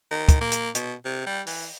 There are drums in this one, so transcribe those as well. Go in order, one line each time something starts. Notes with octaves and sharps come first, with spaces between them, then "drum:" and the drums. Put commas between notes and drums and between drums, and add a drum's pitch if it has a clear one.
D#3
drum: kick, hi-hat
A#3
drum: hi-hat
B2, drum: hi-hat
C3
G3
E3, drum: open hi-hat